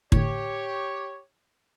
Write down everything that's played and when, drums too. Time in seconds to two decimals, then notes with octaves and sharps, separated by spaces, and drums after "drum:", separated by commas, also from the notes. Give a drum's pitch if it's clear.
0.12 A2 D3 G4 C#5, drum: kick